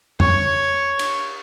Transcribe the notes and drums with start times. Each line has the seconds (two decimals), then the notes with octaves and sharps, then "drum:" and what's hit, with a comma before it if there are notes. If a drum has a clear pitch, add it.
0.20 C#5, drum: tom F2
0.99 drum: cymbal